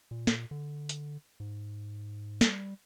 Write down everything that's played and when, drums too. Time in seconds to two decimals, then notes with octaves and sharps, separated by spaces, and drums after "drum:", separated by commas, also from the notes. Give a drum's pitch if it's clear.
0.11 A#2
0.27 drum: snare
0.51 D3
0.89 drum: hi-hat
1.40 G#2
2.41 G3, drum: snare